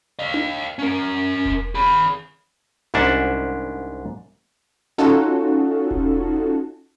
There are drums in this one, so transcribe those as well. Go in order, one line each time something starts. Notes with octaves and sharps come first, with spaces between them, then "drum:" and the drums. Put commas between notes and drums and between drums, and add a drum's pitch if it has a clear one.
D#5 F5
drum: tom D4
C#4 A#4
drum: kick E1
G#4 B5
C2 G#2 C#4 D4 E5 F#5
C#4 D#4 F4 F#4 A4
drum: kick E1